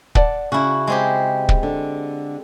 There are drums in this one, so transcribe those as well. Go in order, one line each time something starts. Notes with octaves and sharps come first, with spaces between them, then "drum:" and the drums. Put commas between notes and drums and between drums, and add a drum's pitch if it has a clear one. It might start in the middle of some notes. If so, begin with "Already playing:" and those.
D5 F#5 A5, drum: kick
C#3 E4 F#4
G#3 C4 G4
drum: kick
D3